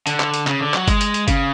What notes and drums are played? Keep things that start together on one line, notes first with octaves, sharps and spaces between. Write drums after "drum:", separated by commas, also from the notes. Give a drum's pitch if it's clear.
D3, drum: hi-hat
drum: clap
drum: hi-hat
C#3, drum: clap
D3
F#3, drum: clap
G#3, drum: kick G1, hi-hat
drum: hi-hat
drum: hi-hat
C#3, drum: kick G1, hi-hat